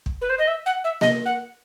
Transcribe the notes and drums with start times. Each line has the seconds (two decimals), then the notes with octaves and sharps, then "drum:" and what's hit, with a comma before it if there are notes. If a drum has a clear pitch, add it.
0.06 drum: kick
0.21 B4
0.30 C5
0.39 D#5
0.48 E5
0.66 F#5
0.84 E5
1.01 D#5, drum: snare A#3
1.26 F#5